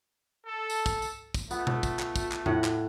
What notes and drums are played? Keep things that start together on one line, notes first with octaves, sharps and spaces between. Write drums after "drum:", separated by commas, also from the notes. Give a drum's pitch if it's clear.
A4
drum: tambourine
drum: kick, tambourine
drum: tambourine
drum: kick, tambourine
A3 B3 F4, drum: tambourine
drum: tom B2
drum: kick, tambourine
drum: clap
drum: kick, tambourine
drum: clap
A2 F#5, drum: tom E2
drum: clap